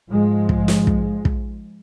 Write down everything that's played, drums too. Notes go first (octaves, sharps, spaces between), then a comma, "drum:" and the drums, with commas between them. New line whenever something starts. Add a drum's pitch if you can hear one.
G#2 F3 G#3
drum: kick
drum: snare
drum: kick
drum: kick